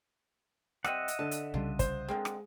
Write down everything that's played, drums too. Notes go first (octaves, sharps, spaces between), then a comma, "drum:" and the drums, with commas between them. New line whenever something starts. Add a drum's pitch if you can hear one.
G3 C4 D#5 E5 F#5, drum: rim click
drum: hi-hat
D3 A5
drum: hi-hat
C2 C#3 G3 D4 F4
C5, drum: kick, hi-hat
D3 G#3 A#3 C4
drum: rim click